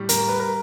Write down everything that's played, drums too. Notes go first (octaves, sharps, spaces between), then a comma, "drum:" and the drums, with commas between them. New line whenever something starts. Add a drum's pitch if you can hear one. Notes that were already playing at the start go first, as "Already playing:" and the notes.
Already playing: A2 G3
A#4, drum: hi-hat
B4
A#4